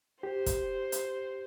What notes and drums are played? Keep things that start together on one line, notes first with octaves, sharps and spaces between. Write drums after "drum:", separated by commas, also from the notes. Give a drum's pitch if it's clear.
G4 C5
drum: kick, hi-hat
drum: hi-hat